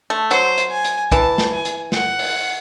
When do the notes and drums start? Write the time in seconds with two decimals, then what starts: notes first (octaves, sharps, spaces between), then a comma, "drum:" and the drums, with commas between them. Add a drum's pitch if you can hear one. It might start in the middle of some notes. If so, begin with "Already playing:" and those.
0.10 A3
0.31 F#3 C5, drum: hi-hat
0.58 drum: hi-hat
0.71 G#5
0.84 drum: hi-hat
1.12 E3 A5, drum: kick, hi-hat
1.38 drum: snare
1.52 G#5
1.65 drum: hi-hat
1.92 F#5, drum: snare
2.19 drum: open hi-hat